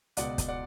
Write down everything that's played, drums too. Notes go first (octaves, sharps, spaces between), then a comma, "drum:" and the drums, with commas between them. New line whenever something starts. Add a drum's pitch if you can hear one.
C#2 B2 D5 F#5, drum: hi-hat
drum: kick, hi-hat
D5 F#5